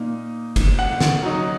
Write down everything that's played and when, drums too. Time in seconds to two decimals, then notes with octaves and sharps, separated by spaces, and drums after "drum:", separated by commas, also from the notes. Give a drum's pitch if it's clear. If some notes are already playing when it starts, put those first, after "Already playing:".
Already playing: A#2 A#3 D#4
0.56 drum: kick F#1, cymbal
0.79 F#5
1.01 drum: snare
1.23 F#3 D#4